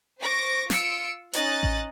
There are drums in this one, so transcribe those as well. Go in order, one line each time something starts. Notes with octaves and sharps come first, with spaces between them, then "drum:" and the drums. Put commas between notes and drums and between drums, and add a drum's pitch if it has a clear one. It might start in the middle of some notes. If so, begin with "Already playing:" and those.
C5 C#6 D6 A#6
F4 E6 C#7 D7, drum: snare
C#4 D#4 D#5 F#6 A6, drum: hi-hat
drum: kick A1